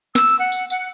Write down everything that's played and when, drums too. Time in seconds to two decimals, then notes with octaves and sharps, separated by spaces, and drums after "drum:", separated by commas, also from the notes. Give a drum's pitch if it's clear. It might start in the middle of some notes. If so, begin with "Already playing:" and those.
0.15 E6, drum: snare
0.39 F#5
0.52 drum: tambourine
0.70 F#5, drum: tambourine